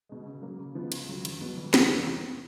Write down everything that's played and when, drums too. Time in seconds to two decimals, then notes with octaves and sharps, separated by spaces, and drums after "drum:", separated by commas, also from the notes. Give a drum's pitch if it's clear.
0.09 B2 G#3
0.26 C#3
0.42 F#3 A#3
0.59 C#3
0.75 F3 G#3 B3
0.92 C#2, drum: cymbal
1.08 C#3 F#3
1.25 E2, drum: cymbal
1.41 B2 F#3 B3
1.57 F2
1.74 C3 F3, drum: snare
1.90 E2
2.06 C3 E3